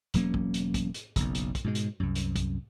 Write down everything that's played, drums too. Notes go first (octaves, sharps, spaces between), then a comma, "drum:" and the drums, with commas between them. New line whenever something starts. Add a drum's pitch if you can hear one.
E1 F#3 A#3 C#4, drum: hi-hat
drum: kick
drum: hi-hat
drum: kick, hi-hat
drum: hi-hat
F#1 B1, drum: kick, hi-hat
drum: hi-hat
drum: kick, hi-hat
G#2 B2 G#3
drum: hi-hat
C2 F#2
drum: hi-hat
drum: kick, hi-hat